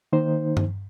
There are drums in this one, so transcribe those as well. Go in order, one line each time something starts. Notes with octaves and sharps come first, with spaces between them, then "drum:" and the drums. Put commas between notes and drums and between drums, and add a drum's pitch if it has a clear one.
D#3 A#3 D#4 C5
drum: tom G2